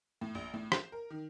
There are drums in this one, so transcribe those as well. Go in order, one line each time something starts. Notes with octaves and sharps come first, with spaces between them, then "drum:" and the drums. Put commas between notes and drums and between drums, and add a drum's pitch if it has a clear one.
A2
A#1
A2
C5, drum: rim click
A#4
D#3